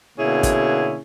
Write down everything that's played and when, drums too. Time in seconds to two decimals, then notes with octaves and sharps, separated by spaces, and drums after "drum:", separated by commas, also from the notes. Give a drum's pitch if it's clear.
0.18 B2 D3 A#3 C#4 E4 G#4
0.43 drum: kick, hi-hat